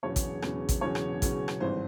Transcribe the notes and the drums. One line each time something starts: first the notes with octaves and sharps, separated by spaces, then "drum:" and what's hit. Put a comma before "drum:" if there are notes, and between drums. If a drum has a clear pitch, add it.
E1 E2 C#3 F#3 C#5
drum: kick A1, hi-hat
E1 E2 C#3 F#3, drum: rim click
drum: kick A1, hi-hat
E1 E2 C#3 F#3 C#5
drum: rim click
E1 E2 C#3 F#3, drum: kick A1, hi-hat
drum: rim click
G#1 G2 E3 C5